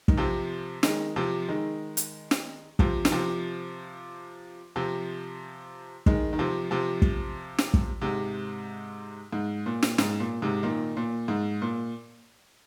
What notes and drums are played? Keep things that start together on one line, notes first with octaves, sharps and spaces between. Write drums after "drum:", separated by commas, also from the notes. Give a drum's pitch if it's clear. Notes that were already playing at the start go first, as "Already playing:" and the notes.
D#3, drum: kick
C3 F3
D#3 G#3, drum: snare
C3 F3
D#3 G#3
drum: hi-hat
drum: snare
C3 F3, drum: kick
D#3, drum: snare
C3 F3
C3 F3
D#3 G#3, drum: kick
D#3
C3 F3
C3 F3
drum: kick
drum: snare
drum: kick
G#2 C3
G#2
A#2
drum: snare
G#2, drum: snare
A#2
G#2 C3
A#2 D#3
A#2
G#2
A#2